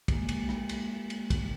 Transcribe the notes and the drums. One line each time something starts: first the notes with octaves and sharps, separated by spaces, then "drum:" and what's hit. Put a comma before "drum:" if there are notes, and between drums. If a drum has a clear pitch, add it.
G#3 A#3 G4, drum: kick, cymbal
drum: cymbal
drum: rim click
drum: cymbal
drum: cymbal
drum: kick, cymbal